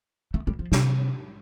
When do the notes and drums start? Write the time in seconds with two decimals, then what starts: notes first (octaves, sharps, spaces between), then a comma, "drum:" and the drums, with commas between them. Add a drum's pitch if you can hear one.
0.34 A3
0.47 G3
0.59 F3
0.72 C3, drum: snare